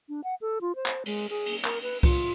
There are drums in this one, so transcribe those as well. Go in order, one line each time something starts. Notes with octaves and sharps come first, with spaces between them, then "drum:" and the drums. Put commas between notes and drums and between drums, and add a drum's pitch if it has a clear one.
D4
F#5
A4
F4
C5
drum: clap
G#3, drum: cymbal
G#4
drum: cymbal
A#4, drum: clap
B4
F4, drum: kick C2, cymbal